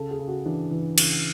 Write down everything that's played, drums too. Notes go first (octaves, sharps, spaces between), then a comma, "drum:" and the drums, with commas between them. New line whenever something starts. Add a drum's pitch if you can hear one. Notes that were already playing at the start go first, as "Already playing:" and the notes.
Already playing: C#3 A4
G#4
C#3
F#4
E3 D4
E3
C#3, drum: cymbal